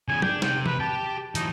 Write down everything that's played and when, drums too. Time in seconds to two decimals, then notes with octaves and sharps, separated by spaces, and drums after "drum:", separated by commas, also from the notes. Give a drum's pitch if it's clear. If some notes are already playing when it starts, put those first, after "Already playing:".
0.08 E2 C#3 G#5
0.22 D4 G5, drum: tom
0.42 C3 G5, drum: snare
0.66 B4, drum: tom
0.80 G4 G5 A5
1.35 E3 F#3 D#4, drum: hi-hat